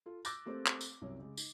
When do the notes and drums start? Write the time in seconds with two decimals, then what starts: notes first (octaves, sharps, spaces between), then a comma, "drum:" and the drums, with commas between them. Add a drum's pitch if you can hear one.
0.06 F4 A4
0.25 D6 E6 F#6 G6 A6 A#6, drum: tambourine
0.46 A3 A#3 C4 G4 C5
0.66 drum: clap
0.81 drum: tambourine
1.01 C2 F#2 C#5
1.19 C#3 G#3
1.37 D#4, drum: tambourine